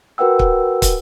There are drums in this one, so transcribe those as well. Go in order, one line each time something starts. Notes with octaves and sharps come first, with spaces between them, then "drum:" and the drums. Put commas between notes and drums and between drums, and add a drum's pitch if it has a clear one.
F#4 A#4 B4 F#5 G5 E6
drum: kick
drum: kick, hi-hat